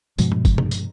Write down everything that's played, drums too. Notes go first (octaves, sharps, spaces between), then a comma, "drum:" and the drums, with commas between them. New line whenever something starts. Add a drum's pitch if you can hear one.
G2 B2 F3 G#3, drum: tambourine
drum: tom A#2
drum: kick, tambourine
drum: tom
drum: tambourine